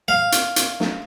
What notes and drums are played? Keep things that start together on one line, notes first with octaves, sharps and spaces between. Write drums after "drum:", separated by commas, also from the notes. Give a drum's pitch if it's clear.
F5
drum: hi-hat
drum: hi-hat
drum: snare